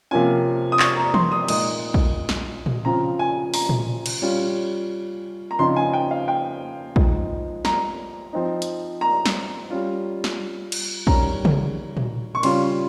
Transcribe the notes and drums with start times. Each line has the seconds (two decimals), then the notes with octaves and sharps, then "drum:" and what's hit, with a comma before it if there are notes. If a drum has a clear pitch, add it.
0.11 C3 F3 A#3 C#4 F4 G#5
0.72 D#6
0.79 C#6, drum: clap
0.96 A#5
1.14 C6, drum: tom E3
1.32 D#6
1.48 A#2 G#3 D#4 D#6, drum: cymbal
1.94 drum: kick A#1
2.29 drum: snare
2.66 drum: tom A#2
2.85 C#3 F3 C4 F4 A#5
3.19 G#5
3.54 A#5, drum: open hi-hat
3.69 drum: tom A#2
4.06 drum: cymbal
4.22 G3 C#4 F4
5.51 A#5
5.59 C#3 F3 C4 D#4 C6
5.76 G#5
5.93 G5
6.11 F5
6.28 G5
6.96 F3 G#3 D#4, drum: kick A#1
7.65 A#5, drum: snare
8.33 F3 C4 D#4
8.62 drum: hi-hat
9.01 A#5
9.26 drum: snare
9.70 G3 C#4 F4
10.24 drum: snare
10.72 drum: cymbal
11.07 D#3 G3 C#4 A#5, drum: kick A#1
11.45 drum: tom C#3
11.97 drum: tom A#2
12.35 C#6
12.43 C#3 G3 C#4 F4 C6, drum: cymbal